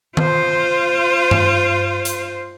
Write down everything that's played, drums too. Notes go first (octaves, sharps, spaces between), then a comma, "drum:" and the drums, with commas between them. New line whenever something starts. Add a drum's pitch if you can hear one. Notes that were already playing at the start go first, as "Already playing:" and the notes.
F4 C5, drum: tom D#3
drum: tom G2
drum: hi-hat